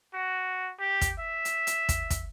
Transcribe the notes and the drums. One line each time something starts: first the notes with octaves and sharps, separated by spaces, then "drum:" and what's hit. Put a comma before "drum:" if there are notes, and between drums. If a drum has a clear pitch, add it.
F#4
G4
drum: kick, hi-hat
E5
drum: hi-hat
drum: hi-hat
drum: kick, hi-hat
drum: kick, hi-hat